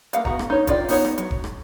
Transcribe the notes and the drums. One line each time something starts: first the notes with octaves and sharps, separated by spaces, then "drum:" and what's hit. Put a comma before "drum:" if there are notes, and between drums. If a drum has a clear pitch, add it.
A#3 C4 F5 F#5, drum: hi-hat
B3 F#4 F#5 A#5, drum: kick F1
drum: rim click
D#4 C#5
E3 F4 D5 G5, drum: kick F1, hi-hat
B3 D#4 C#5 F#5, drum: open hi-hat
drum: rim click
F#3, drum: hi-hat
drum: kick F1
drum: rim click